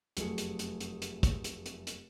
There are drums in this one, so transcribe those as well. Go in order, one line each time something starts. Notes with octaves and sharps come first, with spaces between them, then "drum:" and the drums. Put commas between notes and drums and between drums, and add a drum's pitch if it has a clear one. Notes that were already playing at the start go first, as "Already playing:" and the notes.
F1 F#2 F#3 A3 G#4 C#7, drum: hi-hat
drum: hi-hat
drum: hi-hat
drum: hi-hat
drum: hi-hat
drum: kick, hi-hat
drum: hi-hat
drum: hi-hat
drum: hi-hat